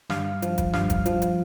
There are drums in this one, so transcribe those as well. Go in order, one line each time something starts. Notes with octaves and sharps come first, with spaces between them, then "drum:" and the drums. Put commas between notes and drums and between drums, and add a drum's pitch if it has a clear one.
G2 F5, drum: snare
F3, drum: hi-hat
drum: kick, hi-hat
G2 F5, drum: snare
drum: kick, hi-hat
F3, drum: hi-hat
drum: hi-hat